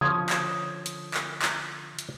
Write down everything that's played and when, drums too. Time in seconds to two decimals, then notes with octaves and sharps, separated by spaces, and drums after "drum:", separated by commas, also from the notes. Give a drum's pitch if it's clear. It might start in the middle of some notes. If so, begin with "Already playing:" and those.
0.01 D3 F3 C#4 D#6 G#6
0.29 drum: clap
0.86 drum: hi-hat
1.14 drum: clap
1.42 drum: clap
1.99 drum: hi-hat